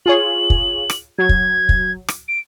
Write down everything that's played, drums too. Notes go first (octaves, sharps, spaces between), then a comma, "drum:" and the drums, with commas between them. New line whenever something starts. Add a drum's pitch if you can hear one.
F4 G#4 C#5 F#7
drum: kick
drum: rim click
F#3 G#6
drum: kick
drum: kick
drum: rim click
D7